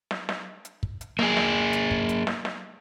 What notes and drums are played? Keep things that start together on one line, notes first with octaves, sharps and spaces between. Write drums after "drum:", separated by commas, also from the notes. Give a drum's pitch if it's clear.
drum: snare
drum: snare
drum: hi-hat
drum: kick
drum: hi-hat
A#3 G#4, drum: snare
drum: snare
drum: hi-hat
drum: kick
drum: hi-hat
drum: snare
drum: snare